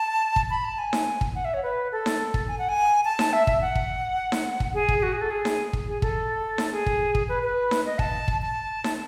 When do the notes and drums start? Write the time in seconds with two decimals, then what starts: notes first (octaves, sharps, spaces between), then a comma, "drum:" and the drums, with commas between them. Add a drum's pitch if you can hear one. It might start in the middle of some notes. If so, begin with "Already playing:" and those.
Already playing: A5
0.36 drum: kick
0.50 B5
0.64 A5
0.79 G#5
0.93 drum: snare D#4
1.21 drum: kick
1.35 F#5
1.45 E5
1.54 C#5
1.63 B4
1.92 A4
2.06 drum: snare D#4
2.34 drum: kick
2.48 G#5
2.59 F#5
2.69 G#5
3.05 A5
3.19 drum: snare D#4
3.33 E5
3.47 E5, drum: kick
3.61 F#5
3.75 drum: kick
4.32 drum: snare D#4
4.60 drum: kick
4.74 G#4
4.88 drum: kick
4.98 G#4
5.03 F#4
5.12 G#4
5.21 A4
5.31 G#4
5.45 drum: snare D#4
5.73 drum: kick
5.88 G#4
6.02 A4, drum: kick
6.58 drum: snare D#4
6.72 G#4
6.86 drum: kick
7.15 drum: kick
7.29 B4
7.43 B4
7.71 drum: snare D#4
7.86 D#5
7.99 A5, drum: kick
8.28 drum: kick
8.42 A5
8.84 drum: snare D#4